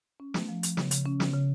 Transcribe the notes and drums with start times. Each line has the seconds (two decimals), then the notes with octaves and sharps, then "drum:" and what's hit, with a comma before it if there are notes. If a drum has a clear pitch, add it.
0.20 C#4
0.34 A3, drum: snare
0.49 F3
0.63 F3, drum: hi-hat
0.77 C#3, drum: snare
0.91 C#3, drum: hi-hat
1.05 C#4
1.20 C#3, drum: snare
1.34 C#3